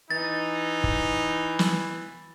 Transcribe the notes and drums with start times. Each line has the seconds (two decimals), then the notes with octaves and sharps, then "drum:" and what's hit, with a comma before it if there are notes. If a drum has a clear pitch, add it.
0.11 E3 D#4 A6
0.84 drum: kick
1.59 drum: snare